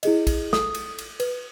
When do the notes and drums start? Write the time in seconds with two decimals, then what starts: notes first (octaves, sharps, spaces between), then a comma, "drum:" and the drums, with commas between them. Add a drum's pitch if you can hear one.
0.03 E4 G#4 D#5, drum: cymbal
0.27 drum: kick, cymbal
0.53 A4 D#6, drum: snare
0.75 drum: cymbal
0.98 drum: cymbal
1.20 B4, drum: cymbal